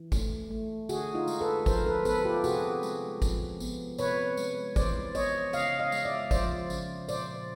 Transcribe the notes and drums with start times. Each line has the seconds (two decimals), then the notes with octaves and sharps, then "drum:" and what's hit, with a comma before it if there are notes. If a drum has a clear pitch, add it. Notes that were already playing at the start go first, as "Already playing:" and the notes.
Already playing: E3
0.12 A3, drum: kick G#1, tambourine
0.51 A3
0.89 D3 F#4 G#4, drum: tambourine
1.15 D#4 F4
1.28 G#3, drum: tambourine
1.41 A4 B4
1.66 F3 A#4 C5, drum: kick G#1, tambourine
1.86 A4 B4
2.05 B3 A4 B4, drum: tambourine
2.25 F4 G4
2.44 C3 F#4 G#4, drum: tambourine
2.83 G#3, drum: tambourine
3.22 F3, drum: kick G#1, tambourine
3.60 B3, drum: tambourine
3.98 C3 B4 C#5, drum: tambourine
4.37 G#3, drum: tambourine
4.76 E3 C5 D5, drum: kick G#1, tambourine
5.15 B3 C#5 D#5, drum: tambourine
5.53 C#3 D#5 F5, drum: tambourine
5.79 D#5 F5
5.92 G#3, drum: tambourine
6.05 D5 E5
6.31 F3 C5 D5, drum: kick G#1, tambourine
6.70 C#3, drum: tambourine
7.09 A#2 C5 D5, drum: tambourine